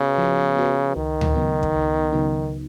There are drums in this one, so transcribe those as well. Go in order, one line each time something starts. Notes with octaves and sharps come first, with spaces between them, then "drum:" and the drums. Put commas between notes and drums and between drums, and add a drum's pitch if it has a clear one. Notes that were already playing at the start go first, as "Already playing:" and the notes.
Already playing: C#3 B3 F#4 B4
F3
B3 F#4 B4
C#2 D#3
drum: tom D2
C#3 F#3 B3 D#4
drum: kick
C#2
C#3 F#3 B3 D#4